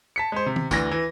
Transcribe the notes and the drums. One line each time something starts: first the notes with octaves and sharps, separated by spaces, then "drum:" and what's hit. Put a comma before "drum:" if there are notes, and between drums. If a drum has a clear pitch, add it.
A5 B6 C#7
G#3 C5
C3
drum: tom D#3
D2 E3 A#6, drum: kick, tambourine
E3